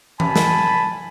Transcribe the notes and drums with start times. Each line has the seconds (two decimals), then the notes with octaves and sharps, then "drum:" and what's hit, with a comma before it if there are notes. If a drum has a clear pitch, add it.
0.20 G#5 A5 B5, drum: tom E3
0.36 drum: snare